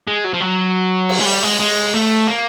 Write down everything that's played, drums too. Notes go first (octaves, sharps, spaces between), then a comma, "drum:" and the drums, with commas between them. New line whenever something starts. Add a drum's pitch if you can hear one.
G#3
F#3
F3
F#3
drum: cymbal
G#3
G3
G#3
G#3
A3
A#3